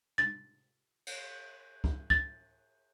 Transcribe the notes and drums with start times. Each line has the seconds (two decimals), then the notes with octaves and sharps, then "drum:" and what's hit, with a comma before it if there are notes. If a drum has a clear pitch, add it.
0.18 A6, drum: tom
1.07 drum: cymbal
1.84 drum: kick
2.10 A6, drum: kick